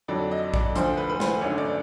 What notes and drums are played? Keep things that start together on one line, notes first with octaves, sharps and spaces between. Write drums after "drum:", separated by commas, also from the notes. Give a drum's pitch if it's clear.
F2 D3 F#3 D5
D#5
D5, drum: kick A#1
D2 D3 F3 C5, drum: hi-hat
B4
B4
C5, drum: snare
G#1 F#2 D3 C#5
D5